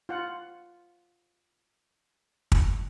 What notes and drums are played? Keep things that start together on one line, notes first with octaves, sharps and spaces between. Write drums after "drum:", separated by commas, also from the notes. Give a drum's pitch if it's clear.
F4 F#5
drum: kick